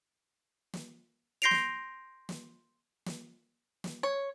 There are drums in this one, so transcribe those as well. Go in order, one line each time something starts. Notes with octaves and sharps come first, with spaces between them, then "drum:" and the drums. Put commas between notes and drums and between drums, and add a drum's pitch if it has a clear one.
drum: snare
C6 G6 A#6 C7 D7 F7
drum: snare
drum: snare
drum: snare
drum: snare
C#5